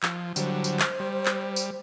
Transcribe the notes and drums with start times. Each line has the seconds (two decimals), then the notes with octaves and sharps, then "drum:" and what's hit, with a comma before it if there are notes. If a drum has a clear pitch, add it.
0.03 F3, drum: clap
0.36 D3 F#3 G3 C5, drum: tambourine
0.64 drum: tambourine
0.80 drum: clap
1.00 G3
1.26 drum: clap
1.56 drum: tambourine